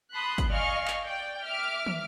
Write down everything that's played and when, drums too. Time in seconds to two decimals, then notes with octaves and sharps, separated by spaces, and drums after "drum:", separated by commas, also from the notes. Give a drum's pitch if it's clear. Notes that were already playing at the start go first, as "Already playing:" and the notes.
0.14 A5 B5 C6 D#6 F#6
0.38 drum: kick, hi-hat
0.48 D5 D#5 F5 G#5 C#6 F6
0.88 drum: clap
1.01 D5 G5
1.44 E5 D6 F6
1.86 drum: tom